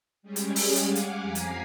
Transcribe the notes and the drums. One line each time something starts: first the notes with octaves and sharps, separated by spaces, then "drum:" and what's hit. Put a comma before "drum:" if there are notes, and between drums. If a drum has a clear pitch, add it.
G3 G#3 C#4 G4 G#4
drum: hi-hat
drum: open hi-hat
F5 F#5 G#5 D6, drum: hi-hat
drum: hi-hat
F2 G#5 A#5 G#6 B6 C7
drum: hi-hat